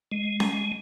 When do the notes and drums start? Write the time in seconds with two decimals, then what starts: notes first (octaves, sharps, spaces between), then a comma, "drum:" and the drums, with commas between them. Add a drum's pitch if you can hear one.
0.12 G#3
0.40 drum: snare C#4